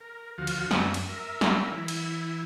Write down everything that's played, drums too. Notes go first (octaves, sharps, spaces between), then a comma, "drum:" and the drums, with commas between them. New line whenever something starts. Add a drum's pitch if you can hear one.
A#4
D2 F3 F#4 F5
drum: cymbal
F#2, drum: snare
drum: cymbal
A#4 E5
drum: snare
E3 E4
drum: cymbal